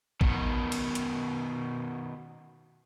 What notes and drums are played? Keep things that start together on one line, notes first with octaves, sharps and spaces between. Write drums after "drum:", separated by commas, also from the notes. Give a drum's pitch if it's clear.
B2 D#3, drum: kick
drum: cymbal
drum: hi-hat